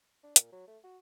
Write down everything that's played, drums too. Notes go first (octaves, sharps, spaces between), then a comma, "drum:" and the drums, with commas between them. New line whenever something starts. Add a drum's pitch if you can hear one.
D4
A#2, drum: hi-hat
F#3
A3
F#4